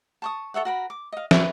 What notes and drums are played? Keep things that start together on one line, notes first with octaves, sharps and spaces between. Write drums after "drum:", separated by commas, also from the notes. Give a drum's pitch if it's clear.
A5 C#6 D#6
A4 C#5 E5 F#5
F#4 A#4 B5
D6
D#5 F5
B4 E5, drum: snare